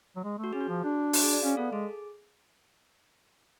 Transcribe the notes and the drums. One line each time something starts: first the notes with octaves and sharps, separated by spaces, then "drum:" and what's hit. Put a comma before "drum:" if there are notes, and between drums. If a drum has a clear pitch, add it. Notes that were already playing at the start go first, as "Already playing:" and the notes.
F#3
G#3
A3
F#4
C#4 G#4
F#4
F3
D4
F#4, drum: open hi-hat
G#4
D5
C#4 F5
B3 A4
G#3 G#4